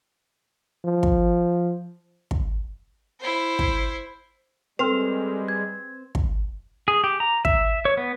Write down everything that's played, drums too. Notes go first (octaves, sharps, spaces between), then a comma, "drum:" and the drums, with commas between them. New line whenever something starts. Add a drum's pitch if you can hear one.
F3
drum: kick
drum: kick
E4 C5
drum: kick
G3 G#3 C4 A4 B4 F6 F7
G#6
drum: kick
G#4
G4
A#5
E5, drum: kick
C#5
B3